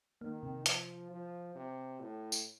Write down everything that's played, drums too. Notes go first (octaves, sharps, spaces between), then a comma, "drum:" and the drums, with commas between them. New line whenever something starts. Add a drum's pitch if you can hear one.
D#3 A#3
C3
F3, drum: hi-hat
F3
C3
A2
drum: tambourine